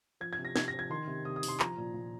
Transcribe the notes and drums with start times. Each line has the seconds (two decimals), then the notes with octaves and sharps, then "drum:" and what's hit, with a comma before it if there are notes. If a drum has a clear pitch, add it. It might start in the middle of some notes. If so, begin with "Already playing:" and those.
0.21 F3 G#6
0.33 G#6
0.39 C3
0.45 A#6
0.56 C3 G#6, drum: snare
0.68 A#6
0.74 F3
0.79 G#6
0.90 D#3 C6
1.07 C3
1.25 C3 D#6
1.36 D#6
1.43 D#3, drum: open hi-hat
1.48 C6
1.60 F3 A#5, drum: clap
1.77 A#2
1.94 A#2